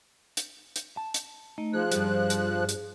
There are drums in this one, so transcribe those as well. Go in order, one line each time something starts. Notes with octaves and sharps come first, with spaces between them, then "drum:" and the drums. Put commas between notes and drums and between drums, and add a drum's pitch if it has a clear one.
drum: hi-hat
drum: hi-hat
A5
drum: hi-hat
A3 D#4
F3 G#4 F#6
G2 G3, drum: hi-hat
drum: hi-hat
drum: hi-hat